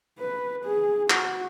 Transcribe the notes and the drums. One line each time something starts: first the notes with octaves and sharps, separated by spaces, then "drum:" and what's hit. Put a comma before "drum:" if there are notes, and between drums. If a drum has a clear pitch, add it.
B4
G#4
F#4, drum: clap